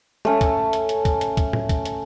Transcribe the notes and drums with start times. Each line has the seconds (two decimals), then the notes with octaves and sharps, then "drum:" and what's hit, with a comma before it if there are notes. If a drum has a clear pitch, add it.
0.25 A3 C#4, drum: tom G#3
0.41 drum: kick, hi-hat
0.73 drum: hi-hat
0.89 drum: hi-hat
1.05 drum: kick, hi-hat
1.21 drum: hi-hat
1.37 drum: kick, hi-hat
1.53 drum: tom A2
1.69 drum: kick, hi-hat
1.85 drum: hi-hat